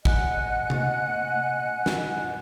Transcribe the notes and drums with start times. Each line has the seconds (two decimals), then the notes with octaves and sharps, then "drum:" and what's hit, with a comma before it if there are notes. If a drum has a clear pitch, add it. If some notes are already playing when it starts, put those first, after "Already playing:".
0.05 D#5 F#5 G#5 F#6, drum: kick
0.70 drum: tom C3
1.86 drum: snare